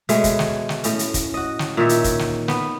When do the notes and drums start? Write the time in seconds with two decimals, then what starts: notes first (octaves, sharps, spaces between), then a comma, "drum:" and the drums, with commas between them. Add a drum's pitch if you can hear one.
0.09 B2 G#3 A3 C#5, drum: hi-hat
0.24 drum: kick, hi-hat
0.39 drum: snare
0.69 drum: snare
0.84 A2 C#4, drum: hi-hat
0.99 drum: hi-hat
1.14 drum: kick, hi-hat
1.34 F#4 D#5
1.59 drum: snare
1.77 A#2 D#3 C#5 E5
1.89 drum: hi-hat
2.04 drum: kick, hi-hat
2.19 drum: snare
2.48 B3, drum: snare